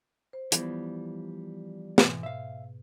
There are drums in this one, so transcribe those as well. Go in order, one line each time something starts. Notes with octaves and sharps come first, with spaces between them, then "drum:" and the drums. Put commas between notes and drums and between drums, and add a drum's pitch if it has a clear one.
C5
E3 F3 G3 B3, drum: hi-hat
G#2 B2 E3, drum: snare
E5 F5